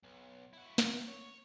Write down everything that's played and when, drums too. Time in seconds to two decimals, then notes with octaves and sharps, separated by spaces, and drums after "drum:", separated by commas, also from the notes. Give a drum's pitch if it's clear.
0.04 B1
0.53 E4 F#4
0.78 drum: snare
1.08 C#5